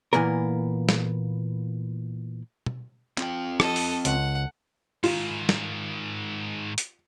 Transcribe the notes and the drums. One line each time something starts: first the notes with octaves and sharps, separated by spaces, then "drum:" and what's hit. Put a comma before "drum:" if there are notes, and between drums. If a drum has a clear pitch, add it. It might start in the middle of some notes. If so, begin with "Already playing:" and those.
A#2 E3 A#3 B3 A#4
drum: snare
drum: tom B2
C4 F4 G5, drum: clap
A4 D#5, drum: rim click
drum: open hi-hat
C#2 F#5, drum: hi-hat
G#2 D#3 F4, drum: open hi-hat
drum: snare
drum: hi-hat